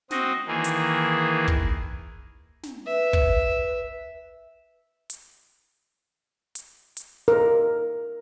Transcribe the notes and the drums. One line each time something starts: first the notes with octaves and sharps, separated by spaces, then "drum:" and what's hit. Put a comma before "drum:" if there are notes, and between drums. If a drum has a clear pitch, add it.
C4 F#4 D#5, drum: snare
D#3 E3 A#3 G#4
drum: hi-hat
drum: kick
drum: snare
B4 E5
drum: kick
drum: hi-hat
drum: hi-hat
drum: hi-hat
A#4